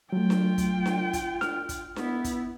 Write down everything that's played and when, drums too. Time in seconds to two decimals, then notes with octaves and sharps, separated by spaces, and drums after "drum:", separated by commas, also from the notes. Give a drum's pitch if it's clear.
0.13 F#3 A3 F4 G5
0.30 drum: snare D4
0.58 drum: kick, hi-hat
0.86 drum: snare D4
1.13 drum: kick, hi-hat
1.41 F6, drum: snare D4
1.69 drum: kick, hi-hat
1.96 B3 E4, drum: snare D4
2.24 drum: kick, hi-hat